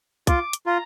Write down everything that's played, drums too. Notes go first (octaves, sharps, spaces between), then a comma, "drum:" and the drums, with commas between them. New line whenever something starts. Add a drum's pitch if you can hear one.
F4 D6, drum: kick, hi-hat
drum: hi-hat
F4 A#5